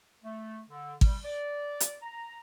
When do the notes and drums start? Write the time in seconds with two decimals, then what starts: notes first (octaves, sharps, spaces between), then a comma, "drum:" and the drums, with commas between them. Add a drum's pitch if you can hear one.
0.24 A3
0.69 D3
1.01 G3, drum: kick G#1
1.25 D5
1.80 drum: hi-hat
2.03 A#5